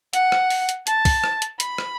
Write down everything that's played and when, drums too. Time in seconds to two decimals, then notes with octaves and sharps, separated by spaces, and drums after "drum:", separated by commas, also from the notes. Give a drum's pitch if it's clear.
0.13 F#5, drum: hi-hat
0.32 drum: rim click
0.50 drum: open hi-hat
0.69 drum: hi-hat
0.87 A5, drum: hi-hat
1.05 drum: kick, open hi-hat
1.24 drum: rim click
1.42 drum: hi-hat
1.60 B5, drum: hi-hat
1.78 drum: rim click